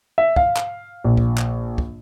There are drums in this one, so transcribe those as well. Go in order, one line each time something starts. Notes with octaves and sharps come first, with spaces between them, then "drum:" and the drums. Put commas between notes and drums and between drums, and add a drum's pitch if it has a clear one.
E5
F5, drum: kick
drum: clap
A#1
drum: kick
drum: clap
drum: kick